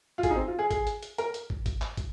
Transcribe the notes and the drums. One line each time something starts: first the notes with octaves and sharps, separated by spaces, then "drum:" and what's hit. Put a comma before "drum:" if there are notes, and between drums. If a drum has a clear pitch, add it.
F4
G#4, drum: kick, hi-hat
D#4
C4
F4
G#4
G#4, drum: kick, hi-hat
drum: hi-hat
drum: hi-hat
A#4, drum: hi-hat
drum: hi-hat
drum: kick
drum: kick, hi-hat
drum: clap
drum: kick, hi-hat